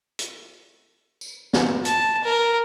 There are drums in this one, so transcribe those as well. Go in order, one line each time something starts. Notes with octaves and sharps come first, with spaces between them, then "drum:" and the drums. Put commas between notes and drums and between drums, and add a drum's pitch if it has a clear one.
drum: hi-hat
drum: tambourine
drum: snare
A5, drum: hi-hat
A#4